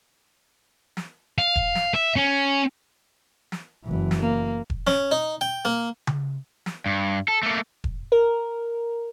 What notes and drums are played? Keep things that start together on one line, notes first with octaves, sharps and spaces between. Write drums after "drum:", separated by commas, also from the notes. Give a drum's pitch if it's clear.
drum: snare
F5
drum: kick E1
drum: snare
E5
C#4
drum: snare
F#1 E3
drum: snare
A#3
drum: kick E1
C#4, drum: snare
D#4
G5
A#3
drum: tom C#3
drum: snare
G2
A4
A3 A#3
drum: kick E1
A#4